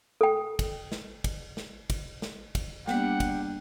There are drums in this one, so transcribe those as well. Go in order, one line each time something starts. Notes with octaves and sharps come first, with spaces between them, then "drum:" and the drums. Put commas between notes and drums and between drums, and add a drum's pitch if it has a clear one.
A4 G5
drum: kick, cymbal
drum: snare
drum: kick, cymbal
drum: snare
drum: kick, cymbal
drum: snare
drum: kick, cymbal
G3 A#3 B3 D4 F#5 G5, drum: snare
drum: kick, cymbal